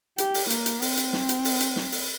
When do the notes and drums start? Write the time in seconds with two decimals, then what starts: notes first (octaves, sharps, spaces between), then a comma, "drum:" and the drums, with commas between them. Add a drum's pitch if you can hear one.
0.18 G4, drum: hi-hat
0.34 drum: open hi-hat
0.50 A#3, drum: hi-hat
0.66 drum: hi-hat
0.82 C4, drum: open hi-hat
0.97 drum: hi-hat
1.13 drum: snare
1.29 drum: hi-hat
1.45 drum: open hi-hat
1.60 drum: hi-hat
1.76 drum: snare
1.92 drum: open hi-hat